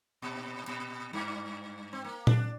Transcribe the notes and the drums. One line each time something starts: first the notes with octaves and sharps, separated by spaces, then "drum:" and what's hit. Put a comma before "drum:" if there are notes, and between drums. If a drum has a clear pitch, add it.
A#2
A#2
G2
C4
A#3
D4, drum: tom A#2